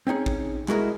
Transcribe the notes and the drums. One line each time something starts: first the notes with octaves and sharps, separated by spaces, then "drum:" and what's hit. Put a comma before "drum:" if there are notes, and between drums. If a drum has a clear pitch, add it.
C4 C#4 D#4 G#4
drum: kick
G#3 E4 F#4 G#4 A#4 D#5, drum: clap